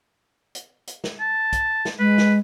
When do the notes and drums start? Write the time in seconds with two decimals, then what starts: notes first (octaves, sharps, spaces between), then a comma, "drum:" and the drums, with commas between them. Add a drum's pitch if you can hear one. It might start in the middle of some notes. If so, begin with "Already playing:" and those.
0.55 drum: hi-hat
0.87 drum: hi-hat
1.04 drum: snare
1.20 A5
1.53 drum: kick, hi-hat
1.85 drum: snare
1.99 G#3 B4
2.18 drum: snare